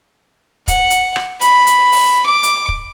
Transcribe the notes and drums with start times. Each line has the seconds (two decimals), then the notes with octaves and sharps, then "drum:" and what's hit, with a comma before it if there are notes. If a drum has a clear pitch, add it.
0.68 F#5, drum: kick, hi-hat
0.90 drum: hi-hat
1.16 drum: rim click
1.41 B5, drum: hi-hat
1.67 drum: hi-hat
1.92 drum: open hi-hat
2.26 D6
2.43 drum: hi-hat
2.69 drum: kick